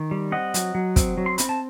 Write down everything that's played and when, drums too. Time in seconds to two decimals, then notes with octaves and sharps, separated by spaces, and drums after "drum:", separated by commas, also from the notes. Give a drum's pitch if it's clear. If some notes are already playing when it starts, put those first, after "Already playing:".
Already playing: D#3
0.11 G3
0.32 C4 D#5 F#5
0.54 F#3, drum: hi-hat
0.75 F#3
0.96 C4, drum: kick, hi-hat
1.18 F#3
1.26 C6
1.38 C4 B5, drum: hi-hat
1.49 A5